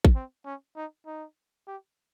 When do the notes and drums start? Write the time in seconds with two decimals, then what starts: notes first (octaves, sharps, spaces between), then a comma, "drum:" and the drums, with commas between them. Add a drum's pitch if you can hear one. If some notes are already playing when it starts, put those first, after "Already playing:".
0.05 drum: kick
0.15 C4
0.45 C#4
0.76 D#4
1.06 D#4
1.67 G4